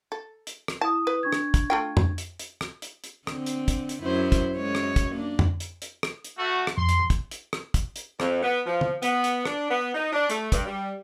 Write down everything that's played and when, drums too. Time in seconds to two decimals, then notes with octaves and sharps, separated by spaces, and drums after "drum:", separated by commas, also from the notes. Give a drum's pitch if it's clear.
0.12 A4
0.47 drum: hi-hat
0.68 drum: rim click
0.81 E4 A5 D#6
1.07 B4
1.23 D4 C#6 G#6
1.33 drum: rim click
1.54 drum: kick, hi-hat
1.70 A3 F4 G5
1.97 drum: tom F2
2.18 drum: hi-hat
2.39 drum: hi-hat
2.61 drum: rim click
2.82 drum: hi-hat
3.04 drum: hi-hat
3.27 D3 C4, drum: rim click
3.46 drum: hi-hat
3.68 drum: kick, hi-hat
3.89 drum: hi-hat
4.02 F#2 E4 C5
4.32 drum: kick, hi-hat
4.56 F#2 G#3 C#5
4.75 drum: rim click
4.96 drum: kick, hi-hat
5.12 A#3 D4
5.39 drum: tom F2
5.60 drum: hi-hat
5.82 drum: hi-hat
6.03 drum: rim click
6.25 drum: hi-hat
6.38 A3 F#4
6.67 drum: rim click
6.78 F2 C6
6.89 drum: hi-hat
7.10 drum: kick, hi-hat
7.31 drum: hi-hat
7.53 drum: rim click
7.74 drum: kick, hi-hat
7.96 drum: hi-hat
8.20 F2, drum: rim click
8.43 B3
8.66 F3
8.81 drum: tom
9.03 B3, drum: hi-hat
9.24 drum: hi-hat
9.45 D4, drum: rim click
9.71 B3
9.94 D#4
10.13 D4
10.30 A3, drum: hi-hat
10.52 G2, drum: kick, hi-hat
10.66 G3